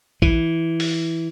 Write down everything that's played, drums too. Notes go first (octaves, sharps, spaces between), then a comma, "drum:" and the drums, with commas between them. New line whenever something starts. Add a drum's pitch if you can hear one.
E3, drum: kick A#1
drum: open hi-hat